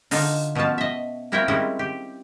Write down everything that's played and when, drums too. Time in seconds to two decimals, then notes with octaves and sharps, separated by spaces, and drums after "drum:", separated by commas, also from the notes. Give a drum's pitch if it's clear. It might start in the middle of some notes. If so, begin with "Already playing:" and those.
0.11 D3 D#4 F4, drum: open hi-hat
0.55 B2 F3 C#4 F4 A5
0.78 D#5 E5
1.32 A#3 C4 E4 A#4 C#5 G5
1.48 G3 G#3 C4 C#4 D#4 E4
1.79 G4